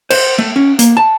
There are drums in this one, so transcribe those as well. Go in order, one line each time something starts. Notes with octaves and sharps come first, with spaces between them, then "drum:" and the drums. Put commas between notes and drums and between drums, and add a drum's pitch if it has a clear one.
C5, drum: cymbal
A3
C#4
A#3, drum: hi-hat
A5